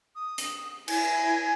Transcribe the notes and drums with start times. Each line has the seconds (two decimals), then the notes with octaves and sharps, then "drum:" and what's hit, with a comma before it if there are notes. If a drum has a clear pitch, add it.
0.16 D#6
0.38 drum: hi-hat
0.88 E4 G#5, drum: cymbal